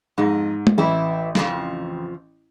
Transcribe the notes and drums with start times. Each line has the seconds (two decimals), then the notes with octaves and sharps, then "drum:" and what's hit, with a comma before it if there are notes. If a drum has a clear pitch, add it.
0.18 F2 G#2 D#4
0.67 drum: tom G#3
0.78 A1 E3 E4
1.35 F2 C#3 F3, drum: snare